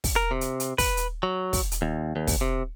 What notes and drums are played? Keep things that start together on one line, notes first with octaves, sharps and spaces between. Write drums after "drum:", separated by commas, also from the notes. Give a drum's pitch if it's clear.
drum: kick, open hi-hat
A#4
C3
drum: hi-hat
drum: hi-hat
B4, drum: kick, open hi-hat
drum: hi-hat
F#3
drum: kick, open hi-hat
drum: hi-hat
D#2
D#2
drum: kick, open hi-hat
C3